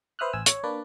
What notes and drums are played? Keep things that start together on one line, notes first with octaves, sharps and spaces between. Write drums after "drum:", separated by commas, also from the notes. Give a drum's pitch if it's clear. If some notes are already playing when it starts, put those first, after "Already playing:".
B4 C5 E5 D#6 F6 F#6
A1 G#5 E6
C#5, drum: hi-hat
A#3 D4 B4 D5